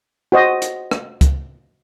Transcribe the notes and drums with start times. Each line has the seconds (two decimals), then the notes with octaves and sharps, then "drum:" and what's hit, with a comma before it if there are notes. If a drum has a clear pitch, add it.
0.32 F#4 C5 D#5
0.62 drum: hi-hat
0.91 drum: rim click
1.21 drum: kick C#2, hi-hat